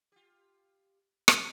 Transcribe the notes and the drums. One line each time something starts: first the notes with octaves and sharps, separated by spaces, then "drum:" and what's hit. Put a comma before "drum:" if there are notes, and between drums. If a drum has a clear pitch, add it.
F4 G4
drum: rim click